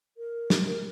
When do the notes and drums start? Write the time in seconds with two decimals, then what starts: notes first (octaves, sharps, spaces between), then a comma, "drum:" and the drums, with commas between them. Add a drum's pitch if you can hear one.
0.17 A#4
0.50 drum: snare
0.67 A#4